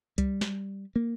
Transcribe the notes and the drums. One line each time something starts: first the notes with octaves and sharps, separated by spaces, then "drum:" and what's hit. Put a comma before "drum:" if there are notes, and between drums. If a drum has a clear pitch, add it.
G3, drum: kick C2, hi-hat
drum: snare
A#3